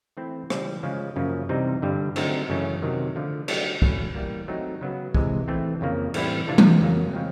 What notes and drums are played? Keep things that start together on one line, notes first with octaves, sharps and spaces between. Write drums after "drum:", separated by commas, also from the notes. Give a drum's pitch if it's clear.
E3 A3 C4 E4
C#3 E3 G3, drum: rim click
C#3 F3 G#3 C#4
F#2 C#3 F3 A#3 C#4
C3 E3 G3 C4 D#4
G2 D3 G3
D3 F#3 A3 C4 D#4, drum: cymbal
F#2 C#3 E3 A3 C#4
C3 D#3 F#3
D3 F3 A3
F#3 A3 D4 G4, drum: cymbal
F#3 A3 C#4 E4, drum: kick
E3 G3 A#3
F#3 A3 C4 D#4
C#3 F#3 B3
C3 E3 G#3, drum: kick
E3 A3 C4
F2 C#3 F3 A#3
A2 E3 G3 C4 E4, drum: cymbal
C3 E3 A3 D4 F4
drum: tom E3
F2 C#3 F#3 A#3
C#3 F3 G#3 C4